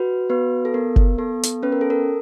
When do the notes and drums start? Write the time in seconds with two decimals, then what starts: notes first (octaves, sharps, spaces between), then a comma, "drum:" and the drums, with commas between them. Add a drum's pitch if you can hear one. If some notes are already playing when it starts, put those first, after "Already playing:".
Already playing: F#4 B4
0.30 B3 B4
0.65 A4
0.74 B3 A#4
0.96 drum: kick F#1
1.18 B3 A4
1.43 drum: hi-hat
1.63 C#4 B4
1.72 A#4
1.81 A4
1.90 A#4